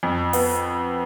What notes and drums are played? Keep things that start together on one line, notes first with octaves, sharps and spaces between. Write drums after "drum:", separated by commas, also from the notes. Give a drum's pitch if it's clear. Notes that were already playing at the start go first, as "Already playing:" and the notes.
F2
B3, drum: open hi-hat